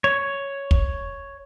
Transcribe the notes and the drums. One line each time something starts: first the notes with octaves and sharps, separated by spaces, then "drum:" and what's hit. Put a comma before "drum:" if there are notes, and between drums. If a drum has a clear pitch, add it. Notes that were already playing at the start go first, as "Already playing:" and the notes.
C#5
drum: kick